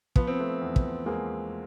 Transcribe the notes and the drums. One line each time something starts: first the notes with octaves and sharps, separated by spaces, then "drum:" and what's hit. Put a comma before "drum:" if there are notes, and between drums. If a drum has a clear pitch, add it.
F3 B3, drum: kick
C4
A3 B3
E2
drum: kick
E2 G#3 A#3